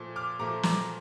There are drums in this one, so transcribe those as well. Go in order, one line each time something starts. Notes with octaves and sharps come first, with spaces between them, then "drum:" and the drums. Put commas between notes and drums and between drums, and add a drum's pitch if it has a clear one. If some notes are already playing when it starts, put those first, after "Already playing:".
Already playing: A#2 F3 A3
D6 F6
A#2 F3 A3 A#5 D6
A#5 D6, drum: snare